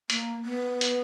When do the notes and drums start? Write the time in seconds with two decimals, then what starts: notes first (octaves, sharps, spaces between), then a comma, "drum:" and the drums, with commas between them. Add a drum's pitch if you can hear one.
0.10 A#3, drum: hi-hat
0.45 B3
0.81 drum: hi-hat